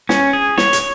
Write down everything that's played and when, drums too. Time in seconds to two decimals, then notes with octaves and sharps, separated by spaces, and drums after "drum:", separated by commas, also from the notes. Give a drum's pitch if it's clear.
0.09 C#4, drum: snare
0.33 G#4
0.58 C#5, drum: snare
0.73 drum: hi-hat